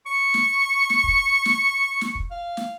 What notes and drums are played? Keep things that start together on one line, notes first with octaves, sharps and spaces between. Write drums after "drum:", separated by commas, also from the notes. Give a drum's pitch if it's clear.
C#6
drum: snare
drum: snare
drum: kick
drum: snare
drum: snare
drum: kick
F5
drum: snare